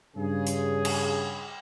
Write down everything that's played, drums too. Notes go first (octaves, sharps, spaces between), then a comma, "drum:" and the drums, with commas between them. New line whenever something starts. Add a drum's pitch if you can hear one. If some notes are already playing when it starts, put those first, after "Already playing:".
G2 C#3 G#4
drum: hi-hat
drum: cymbal